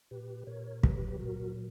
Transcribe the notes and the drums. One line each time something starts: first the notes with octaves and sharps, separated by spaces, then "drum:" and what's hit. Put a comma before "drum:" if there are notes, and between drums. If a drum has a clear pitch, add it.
A#2 G4 B4
A#2 A#4 C#5
F#3 G4 B4, drum: kick
A#2 F#4 A#4